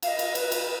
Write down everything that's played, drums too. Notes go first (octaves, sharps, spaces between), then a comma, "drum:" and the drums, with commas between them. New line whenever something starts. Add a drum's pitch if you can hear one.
F5, drum: cymbal
D#5
drum: cymbal
B4, drum: cymbal
drum: cymbal